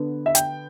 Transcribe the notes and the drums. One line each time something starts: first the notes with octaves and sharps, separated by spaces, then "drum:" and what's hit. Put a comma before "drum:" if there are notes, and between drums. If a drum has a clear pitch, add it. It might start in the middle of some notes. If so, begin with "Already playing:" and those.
Already playing: D3 B3
E5
G5, drum: hi-hat